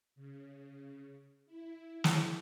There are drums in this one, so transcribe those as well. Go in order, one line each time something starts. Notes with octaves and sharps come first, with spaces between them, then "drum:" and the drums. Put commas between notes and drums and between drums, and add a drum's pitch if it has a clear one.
C#3
E4
drum: snare